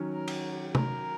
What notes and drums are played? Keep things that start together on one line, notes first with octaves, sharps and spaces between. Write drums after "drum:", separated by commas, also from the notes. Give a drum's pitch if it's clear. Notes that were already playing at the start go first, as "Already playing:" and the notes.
Already playing: D#3 F#3 C#4
A#4
drum: cymbal
A#4, drum: tom C3